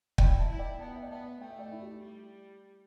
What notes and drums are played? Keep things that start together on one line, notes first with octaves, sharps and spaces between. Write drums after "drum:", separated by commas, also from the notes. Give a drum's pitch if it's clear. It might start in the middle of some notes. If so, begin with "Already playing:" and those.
E4 D5 G5, drum: kick
E5 A5
E4
D5 G5
B3 A5
G5
E5
D5 G5
B3 E5 A5
A3 G5
E5
D5 G5
E4
G4
E4
G3